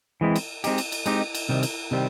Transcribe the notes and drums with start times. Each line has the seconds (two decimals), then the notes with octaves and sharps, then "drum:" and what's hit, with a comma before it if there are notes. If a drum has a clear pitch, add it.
0.21 E3 G#3 C4 E4
0.36 drum: cymbal
0.64 G#3 C4 D#4 G4, drum: cymbal
0.78 drum: cymbal
0.92 drum: cymbal
1.06 G#3 C4 D#4 G4, drum: cymbal
1.34 drum: cymbal
1.49 C3 D#3 G3 C4
1.63 drum: cymbal
1.91 C3 D#3 G3 C4